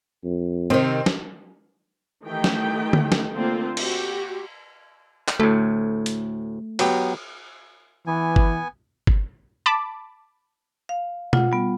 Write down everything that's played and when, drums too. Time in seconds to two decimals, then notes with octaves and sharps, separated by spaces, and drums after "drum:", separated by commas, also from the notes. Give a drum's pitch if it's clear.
0.24 F2
0.70 C3 D#3 C4
1.06 drum: snare
2.25 D#3 E3 A3 D#4 G4 G5
2.44 drum: snare
2.93 drum: tom
3.12 drum: snare
3.34 D3 A3 A#3 C4 F4 C5
3.77 F#4 G4, drum: cymbal
5.28 drum: clap
5.40 D2 A2 A3
6.06 drum: hi-hat
6.79 F#3 B3 G4, drum: cymbal
8.07 E3 B3 G#5
8.36 drum: kick G1
9.07 drum: kick G1
9.66 A5 B5 D6
10.89 F5
11.33 F4 F#5, drum: tom B2
11.52 G3 B3